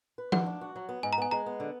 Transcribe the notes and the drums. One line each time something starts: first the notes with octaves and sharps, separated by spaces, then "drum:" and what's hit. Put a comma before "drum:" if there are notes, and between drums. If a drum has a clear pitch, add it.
B4
D4 F#5, drum: tom F3
D4
F#4
F#3
B3
G#2 G#5
A#5
B3 G#5
G#3 A#5
B3
D3